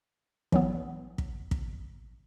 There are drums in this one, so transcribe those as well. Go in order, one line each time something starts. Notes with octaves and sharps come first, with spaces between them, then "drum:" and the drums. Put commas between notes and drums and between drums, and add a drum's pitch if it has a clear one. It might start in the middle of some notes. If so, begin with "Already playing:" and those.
E3 F#3 B3, drum: kick
drum: kick
drum: kick